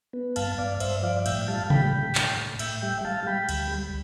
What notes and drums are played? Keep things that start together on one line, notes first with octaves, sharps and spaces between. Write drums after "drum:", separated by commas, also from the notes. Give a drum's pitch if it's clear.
B3
G2 F5 A5, drum: cymbal
G2 D5 F5
G2 C5 E5, drum: cymbal
F3 D5 F5
A2 E5 G5, drum: cymbal
G3 F5 A5
A2 G5 B5, drum: tom C3
A2
A2, drum: clap
A2
A2 E5 G5, drum: cymbal
G3 E5 G5
G3 F5 A5
G3 G5 B5
D2, drum: cymbal
G3